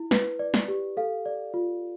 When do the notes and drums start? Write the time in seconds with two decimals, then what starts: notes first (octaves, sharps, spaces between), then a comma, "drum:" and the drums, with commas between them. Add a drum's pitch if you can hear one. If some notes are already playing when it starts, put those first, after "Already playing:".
Already playing: E4
0.11 B4, drum: snare
0.39 D5
0.54 drum: snare
0.68 G4
0.97 A4 F5
1.26 D5
1.54 F4